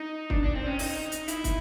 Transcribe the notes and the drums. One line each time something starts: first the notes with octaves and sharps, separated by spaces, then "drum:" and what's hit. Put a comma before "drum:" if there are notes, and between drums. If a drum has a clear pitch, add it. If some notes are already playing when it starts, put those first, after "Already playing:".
Already playing: D#4
D4, drum: kick
D4
C4
C#4
D#4, drum: open hi-hat
drum: hi-hat
E4, drum: hi-hat
drum: kick, hi-hat